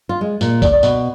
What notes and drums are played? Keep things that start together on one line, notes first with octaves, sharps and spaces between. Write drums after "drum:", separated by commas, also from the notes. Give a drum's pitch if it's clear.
F4
G#3
A#2, drum: tambourine
D5, drum: kick, tambourine
B2, drum: tambourine